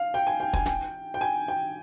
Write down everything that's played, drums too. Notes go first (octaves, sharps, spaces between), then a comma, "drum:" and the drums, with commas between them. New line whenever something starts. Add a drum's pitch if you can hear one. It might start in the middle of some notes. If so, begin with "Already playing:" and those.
Already playing: F5
G5
G#5
G5
G#5, drum: kick
G5, drum: snare
G5
G#5
G5